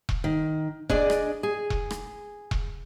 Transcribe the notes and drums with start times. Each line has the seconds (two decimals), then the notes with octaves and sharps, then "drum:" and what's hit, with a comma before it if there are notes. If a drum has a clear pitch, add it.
0.09 drum: kick E1
0.24 D#3
0.89 D4 G#4 D5 D#5, drum: kick E1
1.10 drum: rim click
1.43 G#4
1.70 drum: kick E1
1.90 drum: rim click
2.51 drum: kick E1